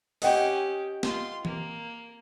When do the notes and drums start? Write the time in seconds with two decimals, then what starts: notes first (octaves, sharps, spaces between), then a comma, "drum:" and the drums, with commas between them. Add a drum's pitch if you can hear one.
0.22 C#4 G4 D#5 F#5 G5, drum: open hi-hat
1.03 F4 C6, drum: snare
1.45 A#3, drum: tom E3